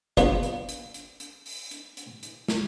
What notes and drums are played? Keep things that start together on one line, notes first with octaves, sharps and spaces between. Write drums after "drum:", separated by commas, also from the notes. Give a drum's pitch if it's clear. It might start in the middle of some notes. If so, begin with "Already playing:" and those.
A#1 F3 B3, drum: kick, hi-hat
drum: hi-hat
drum: hi-hat
drum: hi-hat
drum: hi-hat
drum: open hi-hat
drum: hi-hat
drum: hi-hat
drum: hi-hat
drum: snare